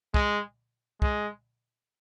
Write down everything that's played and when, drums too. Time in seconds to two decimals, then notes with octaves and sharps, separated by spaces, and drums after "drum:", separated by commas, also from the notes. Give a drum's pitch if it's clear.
0.14 G#3, drum: kick
1.02 G#3, drum: kick